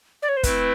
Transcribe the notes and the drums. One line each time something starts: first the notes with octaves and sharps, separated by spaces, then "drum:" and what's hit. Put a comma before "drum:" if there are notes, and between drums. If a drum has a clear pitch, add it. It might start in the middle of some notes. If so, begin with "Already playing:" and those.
D5
C#5
C5
A3 C4 E4 B4, drum: kick, hi-hat